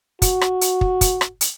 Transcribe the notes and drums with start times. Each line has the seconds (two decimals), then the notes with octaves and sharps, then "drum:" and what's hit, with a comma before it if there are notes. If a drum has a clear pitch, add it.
0.22 F#4, drum: kick, hi-hat
0.41 drum: rim click
0.61 drum: hi-hat
0.81 drum: kick
1.01 drum: kick, hi-hat
1.21 drum: rim click
1.41 drum: hi-hat